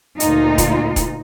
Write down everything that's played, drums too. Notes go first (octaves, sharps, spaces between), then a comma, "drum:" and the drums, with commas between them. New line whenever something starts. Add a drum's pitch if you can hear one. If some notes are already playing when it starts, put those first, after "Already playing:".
D2 A#2 D#4 F4, drum: hi-hat
drum: kick E1, hi-hat
drum: kick E1, hi-hat